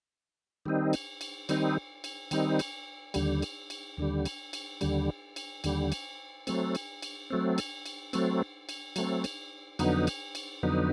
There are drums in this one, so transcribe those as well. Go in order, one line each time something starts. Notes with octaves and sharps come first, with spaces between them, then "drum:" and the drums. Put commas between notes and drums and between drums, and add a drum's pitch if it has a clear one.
D#3 G3 C4 D#4
drum: cymbal
drum: cymbal
D#3 G3 C4 D#4, drum: cymbal
drum: cymbal
D#3 G3 C4 D#4, drum: cymbal
drum: cymbal
D#2 D3 G3, drum: cymbal
drum: cymbal
drum: cymbal
D#2 D3 G3
drum: cymbal
drum: cymbal
D#2 D3 G3, drum: cymbal
drum: cymbal
D#2 D3 G3, drum: cymbal
drum: cymbal
F#3 A3 C4, drum: cymbal
drum: cymbal
drum: cymbal
F#3 A3 C4
drum: cymbal
drum: cymbal
F#3 A3 C4, drum: cymbal
drum: cymbal
F#3 A3 C4, drum: cymbal
drum: cymbal
F2 D3 F#3 B3 D#4, drum: cymbal
drum: cymbal
drum: cymbal
F2 D3 F#3 B3 D#4